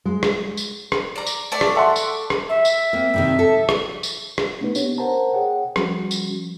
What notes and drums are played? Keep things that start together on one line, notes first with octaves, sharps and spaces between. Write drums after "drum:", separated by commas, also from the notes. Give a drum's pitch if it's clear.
G#3
drum: rim click
drum: tambourine
drum: rim click
D5 A#5
drum: tambourine
A3 D5
drum: rim click
E5 F#5 C6
drum: tambourine
drum: rim click
E5
drum: tambourine
A#3 C4
G2 C3 D#3
A4
drum: rim click
drum: tambourine
drum: rim click
A3 B3 C#4 D#4 B4
B3 D4 G4 C#5, drum: tambourine
A#4 C5 F#5 A5 A#5
G#4 C#5 F#5 G5
F3 G3 C#4 F#4, drum: rim click
drum: tambourine